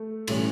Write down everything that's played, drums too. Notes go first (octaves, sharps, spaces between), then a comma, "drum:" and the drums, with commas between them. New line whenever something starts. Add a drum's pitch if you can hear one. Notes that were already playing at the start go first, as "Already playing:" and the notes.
Already playing: A3
A2 E3 G3 C#4, drum: cymbal